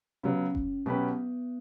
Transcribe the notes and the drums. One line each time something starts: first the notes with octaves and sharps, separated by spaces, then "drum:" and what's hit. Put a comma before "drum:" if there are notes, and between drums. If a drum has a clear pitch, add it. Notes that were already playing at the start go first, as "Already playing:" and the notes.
C#3 F#3 B3 C#4
drum: kick F#1
B2 F#3 B3 C#4 G4 B4